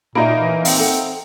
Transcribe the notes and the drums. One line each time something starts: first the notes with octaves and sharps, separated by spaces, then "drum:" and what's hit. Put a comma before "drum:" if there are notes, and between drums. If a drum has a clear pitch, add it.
A#2 A#3 D#4 C#5 E5 A#5 B5
E3
C4 F5, drum: open hi-hat
A4 D#5 F#5